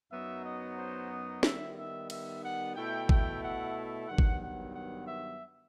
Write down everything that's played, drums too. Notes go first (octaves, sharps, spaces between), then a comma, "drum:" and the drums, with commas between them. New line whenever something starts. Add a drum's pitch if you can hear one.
F#2 F#3 B3 D#4 E5
D#5
C5
D#5
D#3 G3 B3 D#4 E5, drum: snare
E5
E5, drum: cymbal
F#5
B2 A3 E4 G5
G5, drum: kick G#1
F#5
G2 D#3 F#3 B3 F#5
drum: kick G#1
F#5
F#5
E5